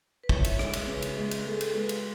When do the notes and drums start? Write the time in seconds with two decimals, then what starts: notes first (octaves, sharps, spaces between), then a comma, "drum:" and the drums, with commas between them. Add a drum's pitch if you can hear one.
0.24 B4
0.29 E4 C#5, drum: kick
0.44 drum: cymbal
0.59 G#3, drum: rim click
0.73 drum: cymbal
0.87 C#3 B4
1.02 drum: cymbal
1.17 G#3
1.31 drum: cymbal
1.45 G#3 A4
1.53 G#4
1.61 A4, drum: cymbal
1.74 G#3 B4
1.89 drum: cymbal